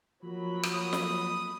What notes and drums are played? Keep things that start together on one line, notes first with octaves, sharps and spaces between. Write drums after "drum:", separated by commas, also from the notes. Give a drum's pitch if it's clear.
F3 F#3 A#3 B5
drum: rim click
D#6
drum: snare